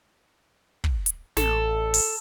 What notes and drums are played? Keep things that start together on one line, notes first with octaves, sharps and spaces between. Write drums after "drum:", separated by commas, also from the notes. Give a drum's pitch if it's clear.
drum: kick
drum: hi-hat
A1 A4, drum: snare
drum: open hi-hat